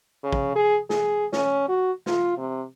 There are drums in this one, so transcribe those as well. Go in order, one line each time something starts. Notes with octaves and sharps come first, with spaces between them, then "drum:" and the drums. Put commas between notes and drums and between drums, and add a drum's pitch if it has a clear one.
C#3
drum: kick
G#4
G#4, drum: snare
C#4, drum: snare
F#4
F4, drum: snare
C3